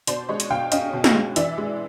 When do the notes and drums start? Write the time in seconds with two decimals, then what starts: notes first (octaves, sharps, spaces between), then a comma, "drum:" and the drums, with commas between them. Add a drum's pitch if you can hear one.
0.07 B2 C5 D5, drum: hi-hat
0.29 G#3 C#5 D#5
0.40 drum: hi-hat
0.50 B2 F5 G5
0.72 C#4 D#5 F5, drum: hi-hat
0.93 B2
1.04 drum: snare
1.15 G#3
1.36 E3 D5 E5, drum: hi-hat
1.58 G#3